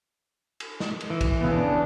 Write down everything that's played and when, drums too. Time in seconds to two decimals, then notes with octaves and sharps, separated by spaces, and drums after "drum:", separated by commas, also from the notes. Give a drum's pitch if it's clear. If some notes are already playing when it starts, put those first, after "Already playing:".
0.60 drum: cymbal
0.80 drum: snare
1.01 drum: cymbal
1.10 E3
1.21 drum: kick, cymbal
1.41 C#3 B3
1.53 D4